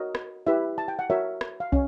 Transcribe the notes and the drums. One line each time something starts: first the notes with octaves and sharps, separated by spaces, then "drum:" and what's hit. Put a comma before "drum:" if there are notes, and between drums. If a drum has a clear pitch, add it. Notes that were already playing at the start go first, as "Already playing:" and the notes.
Already playing: F#4 A#4 C#5 D#5
drum: rim click
E4 G4 B4 E5
A5
G5
F#5
F#4 A#4 C#5 E5
drum: rim click
F5
C#4, drum: kick